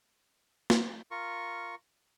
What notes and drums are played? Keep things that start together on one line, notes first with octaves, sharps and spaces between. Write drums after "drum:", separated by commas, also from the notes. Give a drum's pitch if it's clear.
drum: snare A#3
F4 A#4 C#6